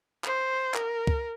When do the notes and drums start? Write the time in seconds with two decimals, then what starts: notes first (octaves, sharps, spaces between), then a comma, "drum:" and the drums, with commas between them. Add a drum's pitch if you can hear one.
0.25 C5, drum: clap
0.74 A#4, drum: clap
1.07 drum: kick